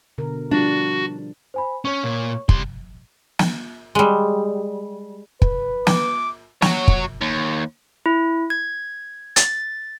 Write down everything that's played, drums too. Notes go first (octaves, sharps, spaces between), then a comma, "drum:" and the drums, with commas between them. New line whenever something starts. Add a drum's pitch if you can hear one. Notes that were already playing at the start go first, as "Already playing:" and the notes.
B2 D3 A#4
F3 G3 D4 F4 F#4
C5 G#5 B5
C#4 C#5 C#6
A#2
G3 C6, drum: kick
drum: snare
G3 G#3
B4, drum: kick
D6, drum: snare
F#4 C#5, drum: snare
drum: kick
D#2
E4
G#6
A6, drum: hi-hat